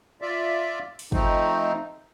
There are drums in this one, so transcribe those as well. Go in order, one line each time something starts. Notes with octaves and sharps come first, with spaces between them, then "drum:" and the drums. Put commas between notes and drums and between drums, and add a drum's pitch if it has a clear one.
F4 D5 E5
drum: open hi-hat
F3 A3 C4 D#4, drum: kick